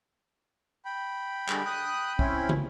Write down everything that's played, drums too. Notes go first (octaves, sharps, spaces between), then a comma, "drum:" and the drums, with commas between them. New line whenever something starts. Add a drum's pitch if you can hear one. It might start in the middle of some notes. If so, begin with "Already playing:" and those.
G5 B5
D3 G3 G#3, drum: clap
D#6 F#6
C4 C#4 E4, drum: kick
drum: tom